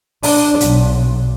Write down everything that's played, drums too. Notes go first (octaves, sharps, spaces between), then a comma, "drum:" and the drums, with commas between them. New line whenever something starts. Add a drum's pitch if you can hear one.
D4, drum: open hi-hat
B1, drum: hi-hat